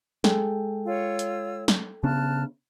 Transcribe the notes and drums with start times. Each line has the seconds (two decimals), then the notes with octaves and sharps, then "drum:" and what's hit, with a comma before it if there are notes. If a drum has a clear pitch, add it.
0.24 G#3 A4 G5, drum: snare
0.86 F4 C#5 E6
1.19 drum: hi-hat
1.68 drum: snare
2.03 C#3 B3 D4 A5 F6 F#6